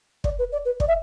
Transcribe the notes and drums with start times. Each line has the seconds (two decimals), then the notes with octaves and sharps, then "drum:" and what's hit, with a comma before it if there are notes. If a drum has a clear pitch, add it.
0.24 D5, drum: kick
0.39 B4
0.52 D5
0.65 B4
0.80 D5, drum: kick
0.88 E5